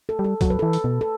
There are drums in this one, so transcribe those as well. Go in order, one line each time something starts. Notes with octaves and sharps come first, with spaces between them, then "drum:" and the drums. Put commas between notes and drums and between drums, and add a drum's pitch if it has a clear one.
A4
G3
A4
F#3 A4, drum: kick, hi-hat
B4
E3 A4
drum: hi-hat
B2
A4